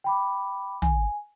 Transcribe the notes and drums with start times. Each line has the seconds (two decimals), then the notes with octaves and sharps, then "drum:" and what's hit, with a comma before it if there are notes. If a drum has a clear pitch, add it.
0.04 G5 B5 D6
0.82 G#5, drum: tom